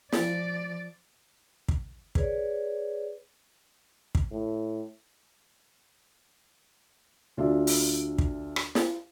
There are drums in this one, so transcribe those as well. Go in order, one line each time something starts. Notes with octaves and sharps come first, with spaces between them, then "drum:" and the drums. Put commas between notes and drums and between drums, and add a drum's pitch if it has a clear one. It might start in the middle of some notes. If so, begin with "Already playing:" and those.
F3 D5, drum: snare
drum: kick
G#4 B4 C#5 D5, drum: kick
drum: kick
A2
D2 D4 F4 D5 E5
drum: open hi-hat
drum: kick
drum: rim click
drum: snare